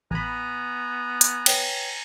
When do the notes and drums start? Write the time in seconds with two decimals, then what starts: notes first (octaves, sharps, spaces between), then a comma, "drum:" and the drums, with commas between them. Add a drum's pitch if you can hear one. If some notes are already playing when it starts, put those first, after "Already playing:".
0.11 A1 B3 G#5 A#5 B5
1.21 drum: hi-hat
1.46 B4 C#5 G5, drum: cymbal